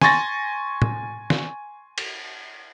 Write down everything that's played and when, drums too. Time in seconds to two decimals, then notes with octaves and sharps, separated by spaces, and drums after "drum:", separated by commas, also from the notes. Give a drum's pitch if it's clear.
0.02 G#5 C6 C#6 A6 A#6, drum: snare
0.82 drum: tom
1.30 drum: snare
1.98 drum: cymbal